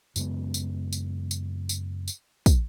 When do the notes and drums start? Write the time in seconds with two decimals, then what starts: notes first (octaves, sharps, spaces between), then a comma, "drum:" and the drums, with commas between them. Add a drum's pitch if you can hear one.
0.16 F#2 C#3 G#3 B3, drum: tambourine
0.54 drum: tambourine
0.93 drum: tambourine
1.31 drum: tambourine
1.69 drum: tambourine
2.08 drum: tambourine
2.46 drum: kick, tambourine